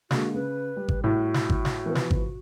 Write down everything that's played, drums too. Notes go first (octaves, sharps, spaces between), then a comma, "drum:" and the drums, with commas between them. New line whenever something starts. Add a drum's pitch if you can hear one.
D3 G#3 A#3 F#4, drum: snare
C#3 B4
G3
drum: kick G#1
A2 F#4
drum: snare
drum: kick G#1
drum: snare
E3 F3 B3
drum: snare
drum: kick G#1